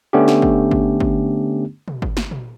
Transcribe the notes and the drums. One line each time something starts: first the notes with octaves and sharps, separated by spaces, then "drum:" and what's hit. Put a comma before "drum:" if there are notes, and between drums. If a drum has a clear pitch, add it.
D3 A3 B3 C#4 D4 G4
drum: snare
drum: kick G1
drum: kick G1
drum: kick G1
drum: tom
drum: kick G1
drum: snare
drum: tom A#2